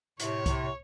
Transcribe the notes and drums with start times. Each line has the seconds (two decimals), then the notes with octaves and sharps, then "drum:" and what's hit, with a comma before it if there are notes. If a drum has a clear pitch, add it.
0.20 A2 C3 C#5, drum: hi-hat
0.46 A2 C3, drum: kick C2, hi-hat